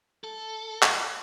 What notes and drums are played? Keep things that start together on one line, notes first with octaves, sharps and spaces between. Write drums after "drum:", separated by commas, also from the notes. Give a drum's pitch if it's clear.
A4
drum: clap